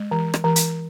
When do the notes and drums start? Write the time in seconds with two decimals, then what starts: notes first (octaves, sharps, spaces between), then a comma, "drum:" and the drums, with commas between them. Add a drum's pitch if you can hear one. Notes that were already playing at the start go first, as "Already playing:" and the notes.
Already playing: G#3
0.11 E3
0.34 drum: rim click
0.44 E3
0.56 drum: hi-hat